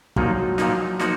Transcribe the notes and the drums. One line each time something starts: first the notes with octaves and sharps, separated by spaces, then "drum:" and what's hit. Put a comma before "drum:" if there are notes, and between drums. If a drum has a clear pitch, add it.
A#2 F3 F#3 A#3 D#4, drum: kick
A#2 F3 A#3 D#4, drum: snare
F3 A#3 D#4 F#4, drum: snare